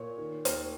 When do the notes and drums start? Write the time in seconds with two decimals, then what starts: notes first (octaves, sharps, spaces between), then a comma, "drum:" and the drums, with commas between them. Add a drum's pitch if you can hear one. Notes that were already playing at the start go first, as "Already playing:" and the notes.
Already playing: A#2 C#5
0.18 D#3
0.45 D#2, drum: hi-hat